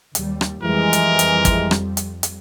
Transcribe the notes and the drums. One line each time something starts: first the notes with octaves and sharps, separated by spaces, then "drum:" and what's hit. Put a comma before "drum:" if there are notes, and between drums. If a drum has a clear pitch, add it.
D#2 G3, drum: hi-hat
drum: rim click
F2 E3 G3 G#3 A#4
drum: hi-hat
drum: hi-hat
drum: kick, hi-hat
drum: rim click
drum: hi-hat
drum: hi-hat